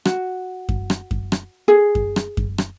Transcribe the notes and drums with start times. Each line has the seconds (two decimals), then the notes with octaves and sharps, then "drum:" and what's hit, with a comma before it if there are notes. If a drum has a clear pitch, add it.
0.05 F#4, drum: rim click
0.69 drum: kick F#2
0.90 drum: rim click
1.11 drum: kick F#2
1.32 drum: rim click
1.68 G#4
1.95 drum: kick F#2
2.16 drum: rim click
2.37 drum: kick F#2
2.58 drum: rim click